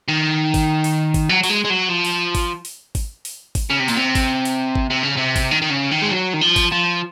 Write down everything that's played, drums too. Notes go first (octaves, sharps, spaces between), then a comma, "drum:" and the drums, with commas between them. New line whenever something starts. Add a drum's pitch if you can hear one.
D#3
drum: kick G#1, open hi-hat
drum: open hi-hat
drum: kick G#1, open hi-hat
F#3
F#3, drum: open hi-hat
G#3
G#3
F#3
F3
drum: open hi-hat
drum: kick G#1, open hi-hat
drum: open hi-hat
drum: kick G#1, open hi-hat
drum: open hi-hat
drum: kick G#1, open hi-hat
C#3
C3
A#2, drum: open hi-hat
C3
drum: kick G#1, open hi-hat
drum: open hi-hat
drum: kick G#1
C3
C#3
C3
drum: kick G#1, open hi-hat
D#3
D#3
C#3
D#3
G#3
F#3
D#3
F3
drum: kick G#1, open hi-hat
F3